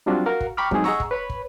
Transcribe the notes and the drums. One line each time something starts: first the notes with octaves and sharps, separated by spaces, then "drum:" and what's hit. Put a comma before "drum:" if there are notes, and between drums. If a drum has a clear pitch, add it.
F#3 G3 C4 D4 F4 F#4
F#4 A#4 F5 F#5
drum: kick
G5 A#5 B5 C#6 D6 F6
F#3 G#3 C4 D#4 G#4, drum: kick
G#4 D#5 F#5 A#5 C#6 E6, drum: snare C#4
drum: kick
B4 C#5 B5
drum: kick